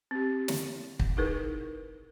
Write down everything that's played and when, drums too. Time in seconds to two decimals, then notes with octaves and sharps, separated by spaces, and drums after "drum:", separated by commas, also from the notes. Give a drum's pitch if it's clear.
0.11 C4 G4
0.48 drum: snare
1.00 drum: kick
1.17 D#4 E4 G#4 A#4 B4